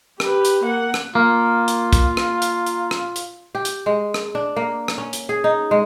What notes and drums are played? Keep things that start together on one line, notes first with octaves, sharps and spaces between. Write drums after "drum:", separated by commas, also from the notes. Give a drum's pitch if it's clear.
G4 B4, drum: rim click
drum: hi-hat
A#3 F#5
drum: rim click
A#3 F4
drum: hi-hat
drum: kick, hi-hat
drum: rim click
drum: hi-hat
drum: hi-hat
drum: rim click
drum: hi-hat
G4
drum: hi-hat
G#3
drum: rim click
D4
A#3
drum: rim click
C#4
drum: hi-hat
G#4
D#4
G#3